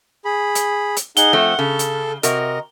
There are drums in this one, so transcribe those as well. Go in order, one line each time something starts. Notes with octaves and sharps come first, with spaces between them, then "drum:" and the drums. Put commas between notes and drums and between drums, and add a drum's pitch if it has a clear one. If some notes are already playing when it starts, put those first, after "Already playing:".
G#4 B5
drum: hi-hat
drum: hi-hat
D#4 G#4 F#5 G7, drum: hi-hat
F3 A3 C4 F#5
C#3 A4
drum: hi-hat
C3 F#4 A#4 D#5, drum: hi-hat